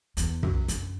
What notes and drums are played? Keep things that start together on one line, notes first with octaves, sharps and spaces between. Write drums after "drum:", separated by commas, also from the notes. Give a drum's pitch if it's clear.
E2, drum: hi-hat
F#2, drum: kick
F#2, drum: hi-hat